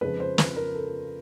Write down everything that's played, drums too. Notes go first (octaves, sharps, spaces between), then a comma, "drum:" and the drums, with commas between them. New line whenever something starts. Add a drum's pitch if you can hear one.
F2 C#3 F3 G#3 B4
C5
B4, drum: snare
A#4
A4